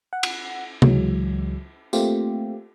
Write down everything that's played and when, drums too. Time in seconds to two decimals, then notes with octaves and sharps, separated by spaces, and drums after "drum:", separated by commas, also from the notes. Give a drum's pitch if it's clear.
0.13 F#5
0.23 drum: cymbal
0.82 C#2 E3 F#3 G#3, drum: tom C3
1.93 A3 A#3 C4 F4 G4, drum: tambourine